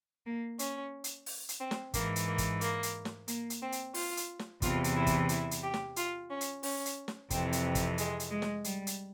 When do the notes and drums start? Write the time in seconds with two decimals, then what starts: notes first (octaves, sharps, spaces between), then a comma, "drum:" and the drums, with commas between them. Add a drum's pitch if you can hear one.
0.25 A#3
0.59 C#4, drum: hi-hat
1.04 drum: hi-hat
1.26 drum: open hi-hat
1.49 drum: hi-hat
1.60 C4
1.71 drum: snare
1.94 G#2 E3 A#3, drum: kick, hi-hat
2.16 drum: hi-hat
2.27 A#3
2.38 drum: kick, hi-hat
2.61 A#3, drum: hi-hat
2.83 drum: hi-hat
3.05 drum: snare
3.28 A#3, drum: hi-hat
3.50 drum: hi-hat
3.61 C4
3.72 drum: hi-hat
3.94 F4, drum: open hi-hat
4.17 drum: hi-hat
4.39 drum: snare
4.62 E2 C3 E3 F4, drum: kick, hi-hat
4.84 drum: hi-hat
4.95 E4
5.07 drum: kick, hi-hat
5.29 E4, drum: hi-hat
5.51 drum: hi-hat
5.63 G4
5.74 drum: snare
5.96 F4, drum: hi-hat
6.30 C#4
6.41 drum: hi-hat
6.63 C#4, drum: open hi-hat
6.85 drum: hi-hat
7.08 drum: snare
7.30 F2 C3 E3 C4, drum: kick, hi-hat
7.53 drum: hi-hat
7.75 drum: kick, hi-hat
7.98 G#3, drum: hi-hat
8.20 drum: hi-hat
8.31 G#3
8.42 drum: snare
8.64 G3, drum: hi-hat
8.87 drum: hi-hat